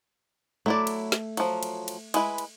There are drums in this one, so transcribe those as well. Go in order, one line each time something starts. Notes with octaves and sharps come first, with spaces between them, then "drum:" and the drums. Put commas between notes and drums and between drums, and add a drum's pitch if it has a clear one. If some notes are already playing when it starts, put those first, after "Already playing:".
F#3 A3 E4 D5
drum: cymbal
drum: snare
F3 F#3, drum: cymbal
drum: cymbal
drum: cymbal
G#3 E4 B4, drum: cymbal
drum: cymbal